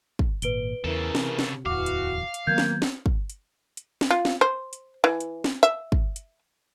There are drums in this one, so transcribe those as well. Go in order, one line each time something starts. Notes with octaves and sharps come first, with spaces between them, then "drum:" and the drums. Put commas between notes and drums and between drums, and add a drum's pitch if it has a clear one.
drum: kick
G#1 A#2 B4 D7 G7, drum: hi-hat
E2 C#3 E3 A4 A#4
C3, drum: snare
drum: snare
D1 E2 E3 F#4 F5 D6
drum: hi-hat
drum: hi-hat
D#3 F#3 A#3 B3 G6 G#6
drum: snare
drum: snare
drum: kick
drum: hi-hat
drum: hi-hat
drum: snare
F4
drum: snare
C5
drum: hi-hat
E3
drum: hi-hat
drum: snare
E5
drum: kick
drum: hi-hat